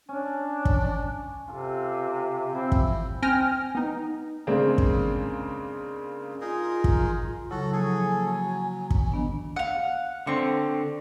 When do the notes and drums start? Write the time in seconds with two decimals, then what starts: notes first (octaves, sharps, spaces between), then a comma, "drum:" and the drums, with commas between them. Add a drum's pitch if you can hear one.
0.09 C#4 D4
0.65 drum: kick
1.48 C3 F4 A4
2.55 C4 E4
2.72 drum: kick
3.22 C4 G5 G#5 F6 A#6
3.75 B3 D#4
4.47 C#3 G#3 A#3 C4 D4
4.78 drum: kick
6.41 D#4 F4 G#4 A#4
6.84 drum: kick
7.51 C#3 F#3 E4 F#4 A4
7.73 F3 A#3 G#4 A4 G#5
8.25 F#3
8.90 drum: kick
9.12 D#3 B3 D4
9.56 F5 F#5
10.27 D3 C4 C#6